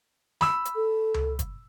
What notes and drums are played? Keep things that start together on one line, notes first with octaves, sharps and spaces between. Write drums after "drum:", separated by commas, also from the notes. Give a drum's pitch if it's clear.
B5 E6, drum: snare
drum: hi-hat
A4
drum: tom C#2
drum: kick, hi-hat